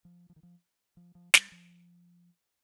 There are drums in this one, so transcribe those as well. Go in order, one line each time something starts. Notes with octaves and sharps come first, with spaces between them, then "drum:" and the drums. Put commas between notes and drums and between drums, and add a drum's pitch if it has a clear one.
F3
F3
D#3
F3
F3
F3
G3, drum: snare
F3